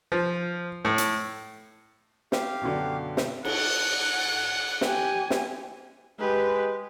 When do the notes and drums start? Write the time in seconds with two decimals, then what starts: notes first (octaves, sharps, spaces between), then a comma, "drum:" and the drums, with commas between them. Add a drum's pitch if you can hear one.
0.12 F3
0.85 A2
0.98 drum: hi-hat
2.32 G4 F5, drum: snare
2.61 F#2 B2 D3
3.17 drum: snare
3.45 F#5, drum: cymbal
4.81 G4 G#5, drum: snare
5.30 drum: snare
6.19 G#3 G4 B4